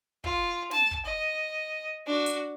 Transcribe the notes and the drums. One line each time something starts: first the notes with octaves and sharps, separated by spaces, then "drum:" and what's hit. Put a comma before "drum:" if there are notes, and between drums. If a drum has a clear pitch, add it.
F4, drum: kick
A5, drum: snare
drum: kick
D#5
D4 F#4
drum: hi-hat